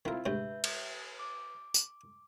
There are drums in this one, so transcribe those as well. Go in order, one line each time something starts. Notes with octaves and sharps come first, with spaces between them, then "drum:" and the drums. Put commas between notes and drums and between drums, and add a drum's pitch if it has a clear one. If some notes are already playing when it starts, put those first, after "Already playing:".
D#3 C4 E4 F4 A#4
D2 G#2 C3 B4 E5 G6
drum: cymbal
D6
drum: tambourine